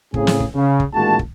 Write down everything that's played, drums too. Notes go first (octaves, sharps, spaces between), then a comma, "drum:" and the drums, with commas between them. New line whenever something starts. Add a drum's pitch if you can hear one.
A2 C#3 C4 G#4, drum: kick
drum: snare
drum: kick
C#3
drum: kick
A1 A#2 D#3 G#3 F#4 A5
drum: kick